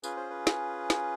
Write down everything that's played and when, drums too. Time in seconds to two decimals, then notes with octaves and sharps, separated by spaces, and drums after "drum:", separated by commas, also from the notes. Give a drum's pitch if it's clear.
0.04 C#4 F4 G#4 B4, drum: tambourine
0.16 C5
0.30 B4
0.47 drum: snare
0.90 drum: snare